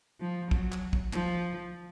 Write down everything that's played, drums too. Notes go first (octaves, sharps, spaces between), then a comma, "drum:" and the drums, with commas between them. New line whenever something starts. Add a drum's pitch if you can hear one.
F3
F#3, drum: kick
drum: clap
drum: kick
F3, drum: clap